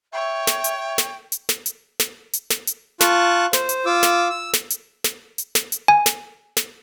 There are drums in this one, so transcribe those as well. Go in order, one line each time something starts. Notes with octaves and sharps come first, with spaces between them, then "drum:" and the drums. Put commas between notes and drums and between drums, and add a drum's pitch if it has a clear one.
C#5 E5 G5
drum: snare
drum: hi-hat
drum: snare
drum: hi-hat
drum: snare
drum: hi-hat
drum: snare
drum: hi-hat
drum: snare
drum: hi-hat
F4 A5 C#6 F#6, drum: snare
C5, drum: snare
drum: hi-hat
F4 D6 E6
drum: snare
E6
drum: snare
drum: hi-hat
drum: snare
drum: hi-hat
drum: snare
drum: hi-hat
G#5
drum: snare
drum: snare